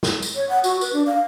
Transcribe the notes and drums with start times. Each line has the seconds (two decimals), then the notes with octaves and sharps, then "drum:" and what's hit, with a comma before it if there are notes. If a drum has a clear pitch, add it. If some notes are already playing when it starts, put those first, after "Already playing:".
0.03 drum: snare
0.22 drum: tambourine
0.35 C#5
0.49 F#5
0.64 F#4, drum: tambourine
0.81 B4, drum: tambourine
0.93 D4
1.06 F5